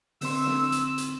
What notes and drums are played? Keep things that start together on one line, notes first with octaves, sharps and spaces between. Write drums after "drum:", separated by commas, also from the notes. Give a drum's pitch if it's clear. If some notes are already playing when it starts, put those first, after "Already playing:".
D3 C4 C6 E6, drum: open hi-hat
drum: snare
drum: hi-hat
drum: hi-hat